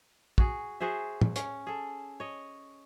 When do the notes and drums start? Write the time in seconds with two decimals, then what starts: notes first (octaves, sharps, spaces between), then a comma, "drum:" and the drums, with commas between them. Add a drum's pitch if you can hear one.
0.38 F#4 G#4, drum: kick
0.80 F#4 G#4 C5 E5
1.21 drum: tom
1.36 C#4, drum: hi-hat
1.67 G#4 A4
2.20 C#5 D#5